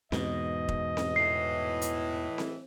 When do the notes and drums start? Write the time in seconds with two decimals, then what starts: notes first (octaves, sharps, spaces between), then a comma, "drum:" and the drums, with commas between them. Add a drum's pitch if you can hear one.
0.12 E2 G#2 B2 D#5, drum: snare C4
0.69 drum: kick F1
0.97 drum: snare C4
1.16 A2 E3 C7
1.82 drum: hi-hat
2.38 drum: snare C4